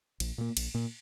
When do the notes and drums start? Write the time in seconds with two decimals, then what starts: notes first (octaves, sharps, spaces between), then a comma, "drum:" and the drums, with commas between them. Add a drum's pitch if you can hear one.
0.20 A#1, drum: cymbal
0.38 A#2 A#3
0.57 A#1, drum: cymbal
0.74 A#2 A#3